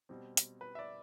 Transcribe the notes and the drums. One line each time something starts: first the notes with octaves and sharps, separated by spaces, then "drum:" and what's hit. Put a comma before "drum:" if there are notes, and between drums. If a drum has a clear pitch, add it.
B2 G3 C4
drum: hi-hat
B4
E5
D5